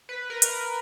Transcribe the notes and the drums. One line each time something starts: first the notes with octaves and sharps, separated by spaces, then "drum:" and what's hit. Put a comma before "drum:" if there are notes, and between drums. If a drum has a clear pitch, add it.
B4
A#4
drum: hi-hat